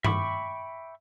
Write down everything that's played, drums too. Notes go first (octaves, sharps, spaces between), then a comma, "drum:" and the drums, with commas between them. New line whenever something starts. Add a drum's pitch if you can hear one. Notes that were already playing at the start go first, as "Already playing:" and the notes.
E5 G5 B5 C#6 D6, drum: tom G2